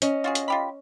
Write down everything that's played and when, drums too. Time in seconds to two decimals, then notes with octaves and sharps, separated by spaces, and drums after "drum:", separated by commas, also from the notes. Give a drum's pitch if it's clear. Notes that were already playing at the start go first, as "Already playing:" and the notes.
0.02 C#4 D#5, drum: hi-hat
0.24 F4 F#4 G#4
0.35 drum: hi-hat
0.48 F4 G4 B5